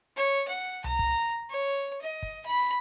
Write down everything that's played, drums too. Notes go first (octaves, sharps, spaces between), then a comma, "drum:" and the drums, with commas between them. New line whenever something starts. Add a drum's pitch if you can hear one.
C#5
F#5
A#5, drum: tom C2
drum: kick
C#5
D#5
drum: kick
B5